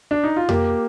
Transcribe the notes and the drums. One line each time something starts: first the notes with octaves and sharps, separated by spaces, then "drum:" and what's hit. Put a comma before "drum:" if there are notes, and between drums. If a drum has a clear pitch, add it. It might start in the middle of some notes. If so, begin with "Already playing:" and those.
D4
D#4
F4
A#3 G4, drum: tom F2